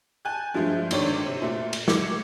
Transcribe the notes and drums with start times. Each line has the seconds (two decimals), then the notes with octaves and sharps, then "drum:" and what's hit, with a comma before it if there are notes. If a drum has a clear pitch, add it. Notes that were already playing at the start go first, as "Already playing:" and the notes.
0.25 G#5 A5 F#6 G6
0.54 G2 F3 G#3 A3
0.91 G1 G#2 D3 D#3 C#5 D5, drum: cymbal
1.26 C3
1.42 A#2 A3
1.73 drum: cymbal
1.88 D6 G#6 C#7, drum: snare